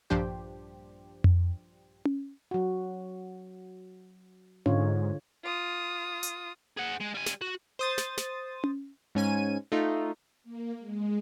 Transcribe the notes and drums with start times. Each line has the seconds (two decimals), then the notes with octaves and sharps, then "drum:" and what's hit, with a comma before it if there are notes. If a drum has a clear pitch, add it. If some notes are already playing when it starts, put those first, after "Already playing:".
0.10 A#1 G2 F3 D4 G4 C5
1.24 drum: tom F2
2.05 drum: tom C#4
2.51 F#3 F#4
4.66 G#2 D3 F4 C#5, drum: tom C#4
5.44 F4 D#6
6.23 drum: hi-hat
6.77 G#4 F#5
7.01 G#3
7.14 G3 G#5
7.26 drum: snare
7.41 F#4
7.79 C5 D#6 A6
7.98 drum: snare
8.17 drum: snare
8.64 drum: tom C#4
9.15 G#2 C#4 G#5 D#7
9.72 A3 D#4 F4
10.44 A#3
10.79 G#3